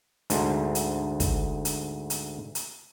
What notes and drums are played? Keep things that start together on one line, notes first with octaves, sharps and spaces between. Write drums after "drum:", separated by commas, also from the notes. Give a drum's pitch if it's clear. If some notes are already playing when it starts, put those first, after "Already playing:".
D2 G#2, drum: hi-hat
drum: hi-hat
drum: kick, hi-hat
drum: hi-hat
drum: hi-hat
drum: hi-hat